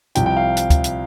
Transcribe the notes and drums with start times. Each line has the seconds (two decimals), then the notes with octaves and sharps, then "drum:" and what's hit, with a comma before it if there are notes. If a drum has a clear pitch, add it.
0.15 C2 C3 F3 G5, drum: hi-hat
0.26 G5
0.37 F5
0.57 drum: hi-hat
0.70 drum: kick, hi-hat
0.84 drum: hi-hat